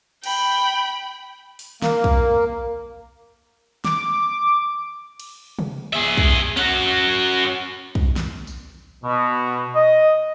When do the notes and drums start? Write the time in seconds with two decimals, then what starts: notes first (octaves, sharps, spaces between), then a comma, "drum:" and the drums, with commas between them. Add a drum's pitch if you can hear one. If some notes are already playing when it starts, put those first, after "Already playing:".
0.24 G5 B5, drum: cymbal
1.59 drum: open hi-hat
1.82 A#3, drum: snare
2.04 drum: kick
3.85 D6, drum: snare
5.20 drum: cymbal
5.59 drum: tom
5.93 G#4 E5
6.17 drum: kick
6.57 C#4 F#4, drum: hi-hat
7.95 drum: kick
8.16 drum: snare
8.47 drum: tambourine
9.04 B2
9.76 D#5